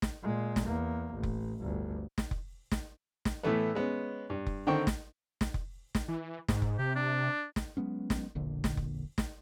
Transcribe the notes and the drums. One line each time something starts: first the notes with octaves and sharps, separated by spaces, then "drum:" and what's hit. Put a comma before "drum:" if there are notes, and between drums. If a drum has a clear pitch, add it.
drum: snare
A#2 G#3
drum: snare
E2 A#3
A1
drum: kick F1
G1 D2
drum: snare
drum: kick F1
drum: snare
drum: snare
A2 E3 A3 B3
G#3 B3 C#4
G2
drum: kick F1
D3 D#3 C4 G5 C#6
drum: snare
drum: snare
drum: kick F1
drum: snare
E3
G#2, drum: snare
drum: kick F1
C3 G4
D4
drum: snare
F#3 G#3 B3 C#4
drum: snare
E1 A#1 A#2 D3
drum: snare
drum: kick F1
drum: snare